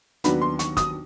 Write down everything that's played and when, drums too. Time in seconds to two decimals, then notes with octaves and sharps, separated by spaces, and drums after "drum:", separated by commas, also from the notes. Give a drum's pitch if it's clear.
0.24 D#2 D#3 F#3 B3 D4 B5, drum: hi-hat
0.41 C6
0.59 C#6, drum: hi-hat
0.77 D#6, drum: kick, hi-hat